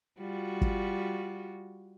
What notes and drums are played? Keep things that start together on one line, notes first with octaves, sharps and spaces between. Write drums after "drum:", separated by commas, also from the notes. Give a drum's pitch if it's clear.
G3 F4 F#4
drum: kick